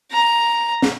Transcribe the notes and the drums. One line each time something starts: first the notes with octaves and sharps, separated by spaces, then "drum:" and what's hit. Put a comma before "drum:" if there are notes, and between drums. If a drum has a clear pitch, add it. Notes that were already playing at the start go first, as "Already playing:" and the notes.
A#5
drum: snare